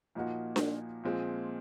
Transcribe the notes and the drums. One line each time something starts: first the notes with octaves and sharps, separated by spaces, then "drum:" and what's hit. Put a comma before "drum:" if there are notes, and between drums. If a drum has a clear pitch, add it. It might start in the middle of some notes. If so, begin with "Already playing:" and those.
A#2 F3 A#3 D#4 F#4
drum: snare D4
A#2 F3 G#3 C4